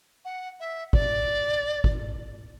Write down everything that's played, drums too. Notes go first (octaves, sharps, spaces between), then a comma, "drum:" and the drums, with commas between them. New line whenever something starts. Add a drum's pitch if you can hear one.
F#5
E5
D5, drum: kick
drum: kick